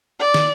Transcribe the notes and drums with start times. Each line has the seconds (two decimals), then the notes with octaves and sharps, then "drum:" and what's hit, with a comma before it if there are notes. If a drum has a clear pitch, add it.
0.19 D5
0.34 drum: snare